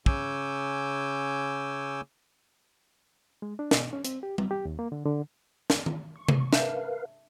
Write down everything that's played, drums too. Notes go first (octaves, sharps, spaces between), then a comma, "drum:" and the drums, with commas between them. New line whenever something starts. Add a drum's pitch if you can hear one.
C#3 C#4 G#5 D6 E6 G6, drum: kick
G#3
D4
B2, drum: snare
C#4
C4, drum: hi-hat
G4
F#3, drum: tom G3
G4
D#2
A#3
D3
D3
drum: snare
drum: tom D#3
C#6
drum: tom C3
A#4 B4 E5 F5 A5 G6, drum: snare